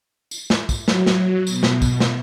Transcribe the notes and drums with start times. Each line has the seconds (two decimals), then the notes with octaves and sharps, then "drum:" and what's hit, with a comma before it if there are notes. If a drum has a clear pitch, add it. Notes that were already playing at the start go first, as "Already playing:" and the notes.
0.31 drum: tambourine
0.50 drum: snare
0.69 drum: kick, tambourine
0.88 F#3, drum: snare
1.06 drum: snare
1.47 B2, drum: tambourine
1.63 drum: snare
1.82 drum: kick, tambourine
2.00 drum: snare